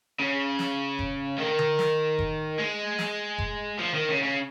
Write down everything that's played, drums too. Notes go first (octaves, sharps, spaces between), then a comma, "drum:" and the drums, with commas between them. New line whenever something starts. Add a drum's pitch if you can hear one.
C#3
drum: snare
drum: kick F1
D#3
drum: tom D3
drum: snare
drum: kick F1
G#3
drum: snare
drum: kick F1
F3
D#3
C#3
C#3